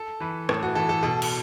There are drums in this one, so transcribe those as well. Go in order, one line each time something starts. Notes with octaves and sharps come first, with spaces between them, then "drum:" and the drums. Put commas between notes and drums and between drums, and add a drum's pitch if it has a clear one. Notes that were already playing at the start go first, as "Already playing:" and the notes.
Already playing: A4
E3 B4
A2 A4, drum: rim click
F#4
E3 A4
A4
B2 A4
drum: cymbal